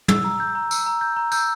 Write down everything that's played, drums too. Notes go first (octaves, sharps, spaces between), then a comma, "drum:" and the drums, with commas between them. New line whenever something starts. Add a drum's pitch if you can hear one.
E6, drum: tom
A#5
G6
A#5
E6, drum: tambourine
A#5
G6
A#5
E6 G6, drum: tambourine